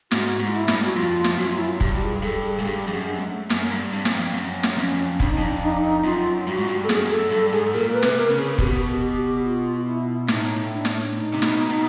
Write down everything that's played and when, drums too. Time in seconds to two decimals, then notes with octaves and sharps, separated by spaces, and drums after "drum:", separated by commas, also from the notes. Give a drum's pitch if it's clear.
0.11 G#2 F#4, drum: snare
0.40 G#2
0.48 F4
0.53 E4
0.68 G2, drum: snare
0.85 F#4
0.96 F2 F4
1.24 drum: snare
1.38 F#2 F#4
1.48 F4
1.57 E4
1.67 F4
1.81 G2 G4, drum: kick
2.03 G#4
2.23 G2 A4
2.44 G#4
2.60 G#2
2.65 G2 G4
2.87 F2 G#4
2.93 F#2
3.08 D4
3.19 G#3
3.29 A3
3.50 F#2 A#3, drum: snare
3.72 G2
3.92 G2 C4
4.05 F#2, drum: snare
4.14 F2
4.34 F#2 C4
4.63 drum: snare
4.77 F2 C#4
5.20 F2 D4, drum: kick
5.31 D#4
5.38 F2 D4
5.62 D#4
5.72 D4
5.81 D#4
6.04 F#2 F4
6.47 G2 F#4
6.58 G#2
6.68 G2
6.84 A4
6.89 F#2 G#4, drum: snare
7.11 F#2 A4
7.32 G2 A4
7.53 G#2 G#4
7.65 A4
7.74 A#2 A#4
7.86 A#4
7.95 B4
8.03 C3, drum: snare
8.17 A#4
8.30 C#3
8.38 G#4
8.58 B2 G4, drum: kick
8.67 F#4
8.75 G4
9.01 G4
9.44 F4
9.77 F4
9.86 E4
10.28 A2 D#4, drum: snare
10.70 D4
10.85 drum: snare
11.13 D#4
11.33 C3
11.42 B2, drum: snare
11.70 B2